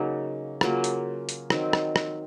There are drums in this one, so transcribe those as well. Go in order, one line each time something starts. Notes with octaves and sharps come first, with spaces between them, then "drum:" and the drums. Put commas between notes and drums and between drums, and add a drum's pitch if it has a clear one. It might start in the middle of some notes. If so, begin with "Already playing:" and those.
Already playing: C#3 F#3 A#3 D#4
C#3 F#3 A#3 F4, drum: rim click
drum: hi-hat
drum: hi-hat
D#3 F#3 C4, drum: rim click
drum: rim click
drum: rim click